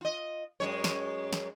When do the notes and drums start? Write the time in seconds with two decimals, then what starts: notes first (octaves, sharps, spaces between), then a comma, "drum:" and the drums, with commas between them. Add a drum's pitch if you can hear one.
0.01 F4 D#5
0.60 F#2 G#3 C#5
0.84 drum: snare
1.33 drum: snare